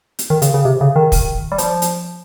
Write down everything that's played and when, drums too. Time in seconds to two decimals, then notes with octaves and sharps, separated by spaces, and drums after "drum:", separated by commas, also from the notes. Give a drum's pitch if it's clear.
0.19 drum: hi-hat
0.30 D#3
0.42 C#3, drum: hi-hat
0.54 C#3
0.65 C3
0.81 C#3
0.96 D#3
1.12 drum: kick, open hi-hat
1.52 G3
1.58 F3, drum: hi-hat
1.82 drum: hi-hat